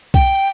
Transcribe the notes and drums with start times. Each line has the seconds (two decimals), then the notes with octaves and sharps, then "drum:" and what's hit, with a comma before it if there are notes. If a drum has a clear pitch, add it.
0.14 G5, drum: kick B1